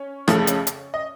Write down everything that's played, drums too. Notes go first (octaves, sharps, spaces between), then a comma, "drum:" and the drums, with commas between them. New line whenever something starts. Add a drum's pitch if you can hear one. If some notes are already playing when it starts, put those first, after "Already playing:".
Already playing: C#4 C#5
F2 C#3 F3 A3, drum: rim click
drum: hi-hat
drum: hi-hat
D#5